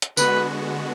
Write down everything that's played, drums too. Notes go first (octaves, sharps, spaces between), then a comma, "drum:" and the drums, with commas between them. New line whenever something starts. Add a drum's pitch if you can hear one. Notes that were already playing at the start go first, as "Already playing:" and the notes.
drum: hi-hat
D3 G#3 B3 F#4 B4, drum: tambourine